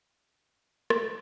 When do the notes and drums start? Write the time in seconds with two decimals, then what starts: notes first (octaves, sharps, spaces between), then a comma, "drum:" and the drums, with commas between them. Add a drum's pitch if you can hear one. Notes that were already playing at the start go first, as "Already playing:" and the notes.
0.18 B3
0.47 C#4
0.76 A#3
0.90 drum: rim click
1.05 G3